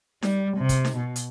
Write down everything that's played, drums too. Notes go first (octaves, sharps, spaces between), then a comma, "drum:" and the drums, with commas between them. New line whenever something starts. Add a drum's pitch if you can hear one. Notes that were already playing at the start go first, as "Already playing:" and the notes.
G3, drum: snare D#4
C3
drum: kick, hi-hat
drum: snare D#4
B2
drum: hi-hat